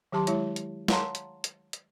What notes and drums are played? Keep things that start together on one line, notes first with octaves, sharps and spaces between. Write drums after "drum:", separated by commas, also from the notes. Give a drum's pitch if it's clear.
D#3 F#3 G4 A5 C6 D6
G#3 E4 C#5, drum: hi-hat
drum: hi-hat
C#5 F5 F#5 A5 A#5 C6, drum: snare
drum: hi-hat
drum: hi-hat
drum: hi-hat